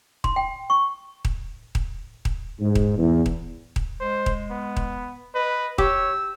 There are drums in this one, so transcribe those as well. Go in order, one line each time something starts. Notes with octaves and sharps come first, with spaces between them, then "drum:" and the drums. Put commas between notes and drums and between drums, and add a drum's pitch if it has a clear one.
C6, drum: kick D#1
G5
C#6
drum: kick D#1
drum: kick D#1
drum: kick D#1
G#2
drum: kick D#1
E2
drum: kick D#1
drum: kick D#1
G#3 C5
drum: kick D#1
B3
drum: kick D#1
B4 D#5
G4 C#5 E6, drum: kick D#1